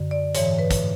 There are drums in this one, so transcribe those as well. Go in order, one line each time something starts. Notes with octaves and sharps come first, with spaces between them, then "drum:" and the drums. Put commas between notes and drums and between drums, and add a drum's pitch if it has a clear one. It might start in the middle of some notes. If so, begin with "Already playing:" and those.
Already playing: F#2 D3
D5
G#2 E3 C#5, drum: hi-hat
B4
drum: kick, hi-hat